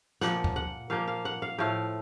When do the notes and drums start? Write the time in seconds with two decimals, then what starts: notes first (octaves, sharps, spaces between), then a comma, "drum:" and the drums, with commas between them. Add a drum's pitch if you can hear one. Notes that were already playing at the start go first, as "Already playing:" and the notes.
0.21 A#2 F3 A#3 F#5, drum: snare
0.44 drum: kick
0.56 F#5
0.90 A#2 F3 A#3 F5
1.07 F5
1.25 F#5
1.42 F5
1.58 A2 F3 A3 F5